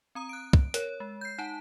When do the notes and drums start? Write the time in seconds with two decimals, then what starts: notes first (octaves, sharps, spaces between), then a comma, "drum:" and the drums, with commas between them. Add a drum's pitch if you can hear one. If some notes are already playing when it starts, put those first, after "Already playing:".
0.15 C4 A#5 D#6
0.29 F#6 D7
0.53 drum: kick
0.74 A#4 C#5, drum: hi-hat
1.00 G#3
1.21 G6 C7
1.38 D#4 F#5 A5